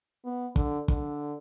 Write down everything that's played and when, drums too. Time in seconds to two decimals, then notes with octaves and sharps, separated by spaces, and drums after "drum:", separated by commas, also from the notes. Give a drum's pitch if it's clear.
0.24 B3
0.56 D3, drum: kick
0.88 D3, drum: kick